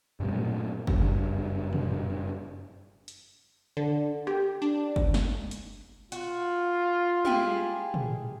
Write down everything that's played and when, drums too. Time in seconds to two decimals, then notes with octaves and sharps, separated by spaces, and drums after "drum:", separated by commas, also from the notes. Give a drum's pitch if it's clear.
0.20 G2 B2 G3
0.33 A#2 F#3 A3
0.87 F#1 G2, drum: kick
1.73 drum: tom
3.08 drum: hi-hat
3.77 D3
4.27 G4, drum: rim click
4.62 D4
4.96 drum: kick
5.14 drum: snare
5.51 drum: hi-hat
6.12 F4 F#4, drum: hi-hat
7.25 E4 G4 G#4, drum: tom
7.94 drum: tom